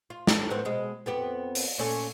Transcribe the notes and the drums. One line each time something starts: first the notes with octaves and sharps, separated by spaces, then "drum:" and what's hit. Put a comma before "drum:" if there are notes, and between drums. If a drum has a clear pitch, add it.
F4
G4 A4, drum: snare
A2 B3 C4
B2 G#3
F2 B3 G4
drum: open hi-hat
A#2 C#4 A4